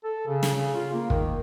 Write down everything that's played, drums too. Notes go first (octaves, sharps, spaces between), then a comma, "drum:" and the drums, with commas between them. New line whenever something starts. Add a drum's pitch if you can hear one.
A4
C#3
drum: snare
C#3
F4
A#3
D#3, drum: kick